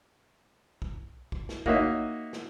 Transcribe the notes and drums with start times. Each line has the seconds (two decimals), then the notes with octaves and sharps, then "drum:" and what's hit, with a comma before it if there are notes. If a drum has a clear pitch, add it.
0.82 drum: kick
1.32 drum: kick
1.49 drum: snare
1.66 A#3 D#4 F#4 C#5 D#5 E5, drum: kick
2.33 drum: snare